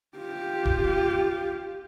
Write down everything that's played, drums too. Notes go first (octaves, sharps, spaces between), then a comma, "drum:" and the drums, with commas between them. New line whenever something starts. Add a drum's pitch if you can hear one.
F4 G4
drum: kick